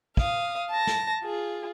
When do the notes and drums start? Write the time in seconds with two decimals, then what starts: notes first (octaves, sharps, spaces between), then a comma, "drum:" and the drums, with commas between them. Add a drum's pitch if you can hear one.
0.17 F5 D#6, drum: kick
0.71 A5 A#6
0.87 drum: snare
1.23 F4 G#4